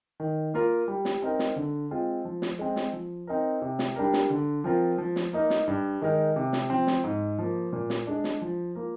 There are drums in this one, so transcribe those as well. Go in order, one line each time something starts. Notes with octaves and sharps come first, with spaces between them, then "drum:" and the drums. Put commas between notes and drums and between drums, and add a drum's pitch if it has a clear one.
D#3
A#3 F4 A#4
G3
drum: snare
C4 D#4 A#4
drum: snare
D3
G#3 C4 F4
F3
drum: snare
G#3 C4
drum: snare
F3
C4 D#4 A#4
C3
drum: snare
G3 D4 G4 A#4
drum: snare
D3
F3 C4 F4 A#4
F3
drum: snare
A#3 D#4 A#4
drum: snare
G2
D#3 G#3 D#4 A#4
C3
drum: snare
F3 C4
drum: snare
G#2
F3 A#3
A#2
drum: snare
G#3 D4
drum: snare
F3
A#3 F4 A#4